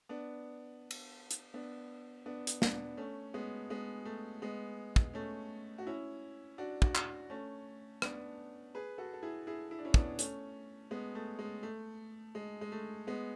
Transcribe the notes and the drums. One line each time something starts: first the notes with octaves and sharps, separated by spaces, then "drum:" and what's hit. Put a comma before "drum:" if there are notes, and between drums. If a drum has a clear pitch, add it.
B3 D4
drum: cymbal
drum: hi-hat
B3 D4
B3 D4
drum: hi-hat
B3 D4, drum: snare
A3 C#4
G#3 B3
G#3 B3
A3
G#3 B3
drum: kick
A3 C#4
F#4
C#4 E4
D4 F#4
D4 F#4, drum: kick
drum: clap
A3 C#4
B3 D4, drum: rim click
G#4 B4
F#4 A4
A4
E4 G#4
E4 G#4
E4
D4
C#4 E4
B3 D4, drum: kick
A3 C#4, drum: hi-hat
G#3 B3
A3
G#3
A3
G#3
G#3
A3
G#3 B3